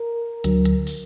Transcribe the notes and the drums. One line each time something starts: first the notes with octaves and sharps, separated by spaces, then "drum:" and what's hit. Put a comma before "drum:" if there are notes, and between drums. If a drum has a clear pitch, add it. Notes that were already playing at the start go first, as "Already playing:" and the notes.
Already playing: A#4
D2 D3 F#3, drum: hi-hat
drum: hi-hat
drum: open hi-hat